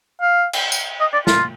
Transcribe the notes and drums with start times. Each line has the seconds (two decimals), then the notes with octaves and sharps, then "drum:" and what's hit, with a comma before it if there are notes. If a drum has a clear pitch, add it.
0.21 F5
0.53 drum: cymbal
0.72 drum: tambourine
1.01 D#5
1.13 D5
1.27 F4, drum: snare